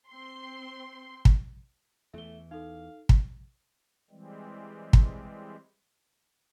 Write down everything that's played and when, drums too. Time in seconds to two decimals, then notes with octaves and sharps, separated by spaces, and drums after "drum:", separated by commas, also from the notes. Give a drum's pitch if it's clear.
0.10 C4 C6
1.25 drum: kick
2.14 E2 E3 A3 E5 G7
2.51 D#4 A4 F5
3.09 drum: kick
4.11 E3 G3 G#3 C4
4.93 drum: kick